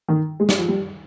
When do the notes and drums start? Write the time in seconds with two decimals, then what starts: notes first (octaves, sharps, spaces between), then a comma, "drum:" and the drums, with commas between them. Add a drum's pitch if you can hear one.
0.08 D#3
0.40 G#3
0.49 G3, drum: snare
0.58 F3
0.68 G3